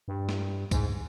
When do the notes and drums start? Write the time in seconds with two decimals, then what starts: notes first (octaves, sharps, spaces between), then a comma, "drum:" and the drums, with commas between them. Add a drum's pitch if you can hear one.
0.08 G2
0.29 drum: snare
0.71 G#2, drum: kick C2, tambourine